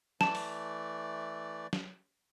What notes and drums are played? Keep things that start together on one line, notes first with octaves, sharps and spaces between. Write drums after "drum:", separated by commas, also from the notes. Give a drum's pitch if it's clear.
E3 A3 D5 A5, drum: snare
drum: open hi-hat
drum: snare